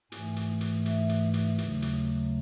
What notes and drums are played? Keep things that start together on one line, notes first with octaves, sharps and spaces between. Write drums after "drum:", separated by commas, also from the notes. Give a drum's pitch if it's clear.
G#2 E3 A3 G#5, drum: hi-hat
drum: hi-hat
drum: hi-hat
E5, drum: hi-hat
drum: hi-hat
drum: hi-hat
D#2 C#3 F#3 A3, drum: hi-hat
drum: hi-hat